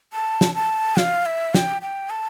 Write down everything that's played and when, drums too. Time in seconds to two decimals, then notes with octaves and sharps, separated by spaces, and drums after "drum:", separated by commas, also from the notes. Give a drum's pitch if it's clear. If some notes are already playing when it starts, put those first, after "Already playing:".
0.13 A5
0.41 drum: snare
0.55 A5
0.97 F5, drum: snare
1.26 E5
1.54 G5, drum: snare
1.82 G5
2.10 A5